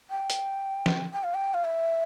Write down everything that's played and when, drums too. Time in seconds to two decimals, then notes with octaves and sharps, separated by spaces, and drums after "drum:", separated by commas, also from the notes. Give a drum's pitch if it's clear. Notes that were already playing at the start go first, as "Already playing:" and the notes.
0.10 G5
0.30 drum: hi-hat
0.86 drum: snare
1.13 G5
1.24 F5
1.34 G5
1.54 F5
1.64 E5